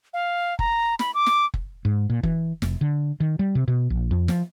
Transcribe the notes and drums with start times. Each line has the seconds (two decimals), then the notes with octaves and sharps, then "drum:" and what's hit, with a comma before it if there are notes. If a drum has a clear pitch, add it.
0.14 F5
0.59 A#5, drum: kick
0.99 B5, drum: snare
1.14 D6
1.26 drum: snare
1.54 drum: kick
1.85 G#2
2.10 A#2
2.23 E3, drum: kick
2.62 F1, drum: snare
2.81 D3
3.20 D#3
3.39 G3
3.55 C3
3.68 B2
3.90 A#1
4.11 F2
4.28 F3, drum: snare